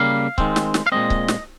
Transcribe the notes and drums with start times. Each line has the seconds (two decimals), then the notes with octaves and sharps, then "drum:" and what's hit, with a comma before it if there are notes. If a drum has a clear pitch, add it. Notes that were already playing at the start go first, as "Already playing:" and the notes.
Already playing: C#3 G3 A#3 F5
0.38 D#3 G#3 C4, drum: kick C#1
0.56 drum: snare
0.74 drum: snare
0.86 F5
0.92 A#2 G#3 C4 D#5
1.10 drum: kick C#1
1.28 drum: snare